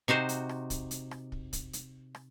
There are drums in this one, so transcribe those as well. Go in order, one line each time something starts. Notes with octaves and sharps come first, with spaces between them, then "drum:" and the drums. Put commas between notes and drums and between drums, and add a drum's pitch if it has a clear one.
C3 D#4 F#4 C5
drum: hi-hat
drum: rim click
drum: kick, hi-hat
drum: hi-hat
drum: rim click
drum: kick
drum: kick, hi-hat
drum: hi-hat
drum: rim click